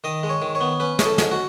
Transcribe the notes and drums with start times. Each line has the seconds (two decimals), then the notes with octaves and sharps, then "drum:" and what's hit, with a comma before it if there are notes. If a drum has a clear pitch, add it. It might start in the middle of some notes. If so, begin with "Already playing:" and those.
0.04 D#3 D#5
0.23 G#3
0.29 C#5
0.42 D#3
0.55 C#5
0.61 B3
0.80 C#4 B4
0.99 C#4 G#4, drum: snare
1.05 A4
1.18 G#2, drum: snare
1.31 F#4